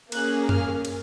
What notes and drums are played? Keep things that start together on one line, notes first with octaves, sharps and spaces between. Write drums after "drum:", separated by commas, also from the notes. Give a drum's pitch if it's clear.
A#3 C#4 G#4 F#6, drum: cymbal
F6, drum: tom F#2
drum: cymbal